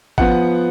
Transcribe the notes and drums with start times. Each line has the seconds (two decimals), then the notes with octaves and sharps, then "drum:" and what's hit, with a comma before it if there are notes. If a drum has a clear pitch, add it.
0.18 F3 B3 F#5, drum: kick G#1